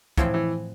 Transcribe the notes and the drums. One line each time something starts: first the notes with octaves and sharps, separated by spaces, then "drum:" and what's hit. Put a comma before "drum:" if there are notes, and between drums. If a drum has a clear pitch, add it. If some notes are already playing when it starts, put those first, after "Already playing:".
A2 E3 F3 C4, drum: kick, hi-hat
E3